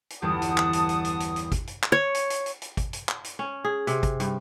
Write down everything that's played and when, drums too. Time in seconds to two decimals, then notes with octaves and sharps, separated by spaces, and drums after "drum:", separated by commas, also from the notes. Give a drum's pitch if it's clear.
0.10 drum: hi-hat
0.22 G1 E2 G4 F#5 A5 D#6
0.42 drum: hi-hat
0.57 drum: clap
0.73 drum: hi-hat
0.89 drum: hi-hat
1.05 drum: hi-hat
1.20 drum: hi-hat
1.36 drum: hi-hat
1.52 drum: kick, hi-hat
1.67 drum: hi-hat
1.83 drum: clap
1.92 C#5
2.15 drum: hi-hat
2.30 drum: hi-hat
2.46 drum: hi-hat
2.62 drum: hi-hat
2.77 drum: kick, hi-hat
2.93 drum: hi-hat
3.09 drum: clap
3.24 drum: hi-hat
3.39 C#4
3.65 G#4
3.87 C3, drum: hi-hat
4.03 drum: kick, hi-hat
4.20 G2, drum: hi-hat